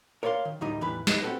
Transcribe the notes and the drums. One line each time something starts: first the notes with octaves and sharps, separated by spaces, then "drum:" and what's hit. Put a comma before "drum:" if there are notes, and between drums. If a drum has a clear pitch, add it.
A#4 C#5 D5 F5 C6
D#3
D2 A2 D#3 G3 D#4 D#5
E2 A2 E3 G3 B4 B5
D#4 B4 D#5, drum: snare
C4 F#4 G4 A4 B4